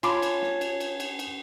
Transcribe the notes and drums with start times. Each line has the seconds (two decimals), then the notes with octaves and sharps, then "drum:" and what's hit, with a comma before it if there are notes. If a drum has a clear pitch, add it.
0.03 F4 C#5 G#5 A5 B5 C6 D6, drum: cymbal
0.23 drum: cymbal
0.42 drum: snare
0.61 drum: cymbal
0.80 drum: cymbal
1.00 drum: cymbal
1.19 drum: cymbal